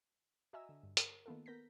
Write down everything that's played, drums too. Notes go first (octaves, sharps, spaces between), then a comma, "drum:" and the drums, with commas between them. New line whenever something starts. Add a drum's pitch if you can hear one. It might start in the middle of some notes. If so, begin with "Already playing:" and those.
F#4 D#5 E5 G#5 A#5 E6
D3
G2
A#4, drum: hi-hat
D#3 A#3 B3 F4 A4
B3 A#4 G6 A#6 B6